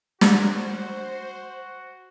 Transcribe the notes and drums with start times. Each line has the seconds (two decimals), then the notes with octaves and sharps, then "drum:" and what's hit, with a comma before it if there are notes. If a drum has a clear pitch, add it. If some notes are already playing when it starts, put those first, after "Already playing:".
0.21 F#4 C5, drum: snare